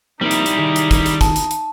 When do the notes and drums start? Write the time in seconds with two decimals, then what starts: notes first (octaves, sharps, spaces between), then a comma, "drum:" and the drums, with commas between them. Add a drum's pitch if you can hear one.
0.21 F3 G3 A#3 C4 D#4 E4
0.31 drum: hi-hat
0.46 drum: hi-hat
0.58 D#3 G#4
0.76 drum: hi-hat
0.91 drum: kick, hi-hat
1.06 drum: hi-hat
1.21 A5, drum: kick, hi-hat
1.36 drum: hi-hat
1.51 drum: hi-hat